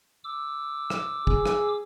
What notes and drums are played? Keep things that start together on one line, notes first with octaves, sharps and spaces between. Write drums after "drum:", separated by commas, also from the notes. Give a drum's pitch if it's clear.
D6 E6
drum: rim click
G#4, drum: kick
drum: rim click